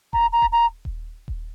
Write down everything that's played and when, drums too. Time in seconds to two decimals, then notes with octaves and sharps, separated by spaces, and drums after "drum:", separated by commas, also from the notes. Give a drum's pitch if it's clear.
0.13 A#5, drum: kick D#1
0.32 A#5
0.42 drum: kick D#1
0.52 A#5
0.85 drum: kick D#1
1.28 drum: kick D#1